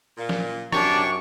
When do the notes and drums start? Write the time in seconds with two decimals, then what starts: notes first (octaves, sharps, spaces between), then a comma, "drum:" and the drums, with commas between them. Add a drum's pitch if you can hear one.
0.17 A#2
0.29 drum: snare
0.72 F#2 C3 D4 G4 C#5 C#6, drum: rim click